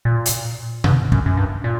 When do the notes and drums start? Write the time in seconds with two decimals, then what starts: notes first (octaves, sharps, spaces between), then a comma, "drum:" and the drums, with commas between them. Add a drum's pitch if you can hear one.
0.05 A#2
0.26 drum: hi-hat
0.84 G2, drum: tom B2
1.12 F#2, drum: kick
1.26 F#2
1.37 G2
1.64 A#2